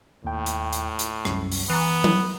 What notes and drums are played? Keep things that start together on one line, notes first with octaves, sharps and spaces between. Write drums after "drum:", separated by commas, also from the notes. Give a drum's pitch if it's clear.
D#2 A2 G5
drum: hi-hat
drum: hi-hat
drum: hi-hat
C2 F#2, drum: rim click
drum: open hi-hat
E3 B3 A#5 F#6
drum: tom F#3